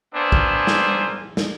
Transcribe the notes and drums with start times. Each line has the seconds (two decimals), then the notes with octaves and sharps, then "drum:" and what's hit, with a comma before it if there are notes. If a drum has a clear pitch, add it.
0.15 A#3 B3 D4 C5 E5 G#5
0.32 drum: kick A#1
0.67 drum: snare
1.37 drum: snare